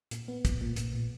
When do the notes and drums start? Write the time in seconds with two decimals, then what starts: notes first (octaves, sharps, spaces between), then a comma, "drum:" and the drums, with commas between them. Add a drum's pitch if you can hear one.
0.11 A#2, drum: hi-hat
0.28 B3
0.45 A#2, drum: kick, hi-hat
0.61 A#2
0.76 A#2, drum: hi-hat
0.93 A#2